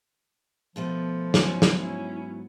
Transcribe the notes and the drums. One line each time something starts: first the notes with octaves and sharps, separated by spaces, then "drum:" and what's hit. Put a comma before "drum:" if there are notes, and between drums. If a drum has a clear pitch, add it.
B2 F3 A3 B3
G#2 F#3 B3 C#4 E4, drum: snare
drum: snare
C#4 E4